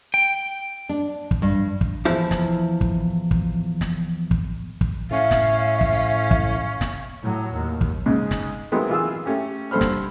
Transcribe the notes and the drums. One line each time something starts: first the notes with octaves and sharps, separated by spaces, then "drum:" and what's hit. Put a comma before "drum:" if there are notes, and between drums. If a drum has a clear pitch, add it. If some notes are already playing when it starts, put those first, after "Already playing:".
G5
D4
drum: kick
G2
drum: kick
E2 F3 E4
drum: snare
drum: kick
drum: kick
drum: snare
drum: kick
drum: kick
A2 C#4 E5 F5
drum: snare
drum: kick
drum: kick
drum: snare
A2 F#3
D#2
drum: kick
G#2 C#3 G#3
drum: snare
D#3 F#3 G#3 A3 B3 C4
E3 F4 G#4 E6
A3 C#4 G4
G2 D3 A4 C5 B5 F6
drum: snare